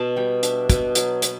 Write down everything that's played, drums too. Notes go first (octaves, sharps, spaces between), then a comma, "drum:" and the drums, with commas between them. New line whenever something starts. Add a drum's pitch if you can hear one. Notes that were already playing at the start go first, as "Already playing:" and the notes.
Already playing: B2 A5
G3 G5
D4 E5, drum: hi-hat
B2, drum: kick, hi-hat
F#3, drum: hi-hat
B3, drum: hi-hat